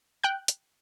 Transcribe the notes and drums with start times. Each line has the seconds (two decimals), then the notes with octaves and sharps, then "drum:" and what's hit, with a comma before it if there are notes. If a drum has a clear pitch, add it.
0.24 G5 F#6 G6
0.48 drum: hi-hat